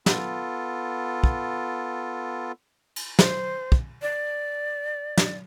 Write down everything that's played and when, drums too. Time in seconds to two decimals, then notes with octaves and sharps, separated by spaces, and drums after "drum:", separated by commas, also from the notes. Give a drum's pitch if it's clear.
0.06 B3 F4 A4, drum: snare
1.24 drum: kick
2.96 drum: cymbal
3.19 C5, drum: snare
3.72 drum: kick
4.02 D5
5.18 drum: snare